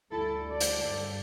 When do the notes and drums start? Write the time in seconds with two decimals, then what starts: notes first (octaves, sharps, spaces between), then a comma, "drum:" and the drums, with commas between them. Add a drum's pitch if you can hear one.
0.11 D2 D3 G3 E4 A4
0.50 A4 D5
0.61 drum: hi-hat
0.87 G2 G3